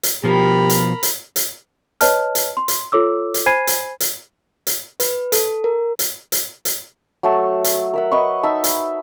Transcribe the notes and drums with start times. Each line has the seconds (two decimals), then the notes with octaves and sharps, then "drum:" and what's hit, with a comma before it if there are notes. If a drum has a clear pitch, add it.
0.03 drum: hi-hat
0.24 B2 F3 G4 A#4 B5
0.70 drum: hi-hat
1.03 drum: hi-hat
1.36 drum: hi-hat
2.01 B4 C#5 D#5 A5 F6, drum: hi-hat
2.35 drum: hi-hat
2.57 C6
2.68 drum: hi-hat
2.92 F4 A4 C#5 D6 E6
3.34 drum: hi-hat
3.46 C5 G#5 B5 G#6 C7 D#7
3.67 drum: hi-hat
4.00 drum: hi-hat
4.67 drum: hi-hat
5.00 B4, drum: hi-hat
5.32 A4, drum: hi-hat
5.64 A#4
5.99 drum: hi-hat
6.32 drum: hi-hat
6.65 drum: hi-hat
7.23 F#3 A3 A5
7.64 drum: hi-hat
7.94 A#4 E5 F#5
8.11 B4 D#5 F#5 C#6
8.43 D#4 E5 A5
8.64 drum: hi-hat